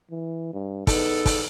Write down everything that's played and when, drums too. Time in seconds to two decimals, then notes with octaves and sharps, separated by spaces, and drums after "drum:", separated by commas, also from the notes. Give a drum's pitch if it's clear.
0.11 E3
0.53 G2
0.87 E2 B3 D#4 A4, drum: kick, open hi-hat
1.26 drum: kick, open hi-hat